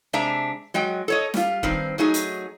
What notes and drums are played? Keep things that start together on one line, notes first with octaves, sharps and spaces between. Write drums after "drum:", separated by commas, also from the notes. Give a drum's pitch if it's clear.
C3 G#3 D4 E5 A#5
F#3 G#3 D#5 G5
A4 C#5 D#5
G3 F4, drum: snare
G2 D#3 C4, drum: kick
F#3 A3 D#4 G#4
drum: hi-hat